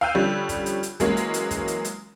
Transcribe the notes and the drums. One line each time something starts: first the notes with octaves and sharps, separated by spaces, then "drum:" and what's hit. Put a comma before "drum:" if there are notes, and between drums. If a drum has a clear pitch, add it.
F5 G5 E6 F#6 G6 D#7
D3 F3 G3 C#4
drum: kick, hi-hat
drum: hi-hat
drum: hi-hat
E3 F#3 G#3 A#3 C#4, drum: kick, hi-hat
drum: hi-hat
drum: hi-hat
drum: kick, hi-hat
drum: hi-hat
drum: hi-hat